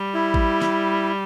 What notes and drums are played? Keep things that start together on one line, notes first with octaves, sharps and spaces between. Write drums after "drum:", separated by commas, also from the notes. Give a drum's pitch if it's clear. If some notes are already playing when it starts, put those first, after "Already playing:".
Already playing: G3
E4
drum: kick A1
drum: snare